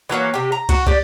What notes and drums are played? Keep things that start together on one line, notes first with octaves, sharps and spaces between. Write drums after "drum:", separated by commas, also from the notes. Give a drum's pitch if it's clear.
E3 F#3 A#3 C#4
C3 G4
A#5
F#4, drum: kick, cymbal
G4 D5, drum: kick